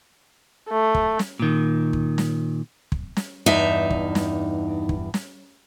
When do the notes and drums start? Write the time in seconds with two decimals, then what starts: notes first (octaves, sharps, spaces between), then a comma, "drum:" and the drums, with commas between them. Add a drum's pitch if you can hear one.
0.70 A3
0.95 drum: kick
1.19 drum: snare
1.40 A#2 D#3
1.93 drum: kick
2.18 drum: snare
2.92 drum: kick
3.17 drum: snare
3.46 E2 G2 D#4 E5
3.90 drum: kick
4.15 drum: snare
4.89 drum: kick
5.14 drum: snare